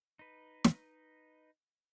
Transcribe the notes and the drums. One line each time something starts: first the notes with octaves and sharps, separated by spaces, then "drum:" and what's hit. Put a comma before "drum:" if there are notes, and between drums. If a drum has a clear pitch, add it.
D#4 B4
drum: snare